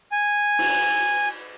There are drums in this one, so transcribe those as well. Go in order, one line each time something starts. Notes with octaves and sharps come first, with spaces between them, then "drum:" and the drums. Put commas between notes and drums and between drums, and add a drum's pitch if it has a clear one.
G#5
drum: cymbal